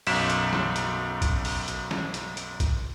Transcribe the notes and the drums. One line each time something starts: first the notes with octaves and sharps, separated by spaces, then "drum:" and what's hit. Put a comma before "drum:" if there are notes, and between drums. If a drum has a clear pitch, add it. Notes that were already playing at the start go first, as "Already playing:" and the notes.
B1 F#2 B6 E7, drum: open hi-hat
drum: hi-hat
drum: snare
drum: hi-hat
drum: kick, hi-hat
drum: open hi-hat
drum: hi-hat
drum: snare
drum: hi-hat
drum: hi-hat
drum: kick, hi-hat